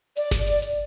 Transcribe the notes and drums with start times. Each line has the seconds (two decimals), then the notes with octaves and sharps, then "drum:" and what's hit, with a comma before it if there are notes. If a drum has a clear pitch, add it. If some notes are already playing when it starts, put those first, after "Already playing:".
0.17 D5, drum: hi-hat
0.31 drum: snare G1
0.47 drum: hi-hat
0.62 drum: hi-hat